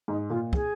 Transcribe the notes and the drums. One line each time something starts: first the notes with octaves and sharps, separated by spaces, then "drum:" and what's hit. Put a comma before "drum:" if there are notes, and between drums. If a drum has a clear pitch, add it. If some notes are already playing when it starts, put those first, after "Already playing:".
G#2 D#4
A#2 F4
G#4, drum: kick